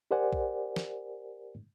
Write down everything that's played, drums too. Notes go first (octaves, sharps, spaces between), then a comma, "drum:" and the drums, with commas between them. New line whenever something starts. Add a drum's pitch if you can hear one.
G4 A#4 C5 D5 F#5 G#5
drum: kick A#1
drum: snare